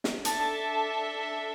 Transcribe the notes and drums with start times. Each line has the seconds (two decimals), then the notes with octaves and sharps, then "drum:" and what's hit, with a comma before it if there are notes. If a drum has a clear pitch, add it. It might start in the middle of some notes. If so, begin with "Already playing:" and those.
0.04 drum: snare
0.25 D4 A4 E5 A5, drum: hi-hat